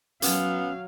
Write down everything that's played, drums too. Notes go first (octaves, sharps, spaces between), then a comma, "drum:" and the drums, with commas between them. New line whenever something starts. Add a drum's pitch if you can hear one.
F#3 B3 C#4 F5, drum: hi-hat